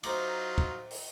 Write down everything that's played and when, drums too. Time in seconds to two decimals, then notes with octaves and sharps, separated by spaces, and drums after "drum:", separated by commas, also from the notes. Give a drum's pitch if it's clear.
0.03 F#3 D#4 F4 C5 A#5 D6, drum: cymbal
0.58 drum: kick
0.90 drum: open hi-hat